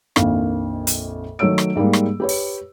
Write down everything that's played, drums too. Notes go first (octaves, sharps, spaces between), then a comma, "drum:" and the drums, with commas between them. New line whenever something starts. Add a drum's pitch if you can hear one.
A#1 F2 A#2 D#3 F5, drum: rim click
drum: hi-hat
D#3 F#3 A3 C#5 E6 D7
drum: rim click
G#2 G3 G#3 A#3
drum: rim click
G4 B4 C#5
drum: open hi-hat